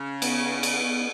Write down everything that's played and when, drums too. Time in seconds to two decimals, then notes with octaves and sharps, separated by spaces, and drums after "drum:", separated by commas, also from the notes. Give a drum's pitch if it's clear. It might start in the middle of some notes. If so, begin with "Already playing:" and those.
Already playing: C#3
0.22 B3, drum: cymbal
0.63 drum: cymbal
0.83 C#3